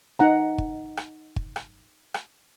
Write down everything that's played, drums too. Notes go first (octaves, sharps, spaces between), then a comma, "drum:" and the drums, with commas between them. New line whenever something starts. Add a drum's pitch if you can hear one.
D#4 F#5 A#5
drum: kick
drum: rim click
drum: kick
drum: rim click
drum: rim click